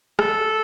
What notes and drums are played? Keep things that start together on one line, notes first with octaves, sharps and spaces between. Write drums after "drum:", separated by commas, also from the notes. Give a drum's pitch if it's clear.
A4, drum: rim click